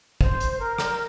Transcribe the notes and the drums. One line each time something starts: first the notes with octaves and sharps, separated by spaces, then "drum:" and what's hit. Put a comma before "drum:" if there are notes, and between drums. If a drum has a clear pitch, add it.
C5, drum: kick
drum: hi-hat
A#4
drum: rim click